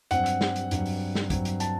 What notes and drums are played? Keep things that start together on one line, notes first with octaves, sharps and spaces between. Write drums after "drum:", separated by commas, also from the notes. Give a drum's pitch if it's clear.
G2 F#3 C4 F#5, drum: hi-hat
drum: hi-hat
drum: snare
drum: hi-hat
G2 F#3 C4, drum: hi-hat
drum: open hi-hat
drum: snare
G2 F#3 C4, drum: kick, hi-hat
drum: hi-hat
A5, drum: hi-hat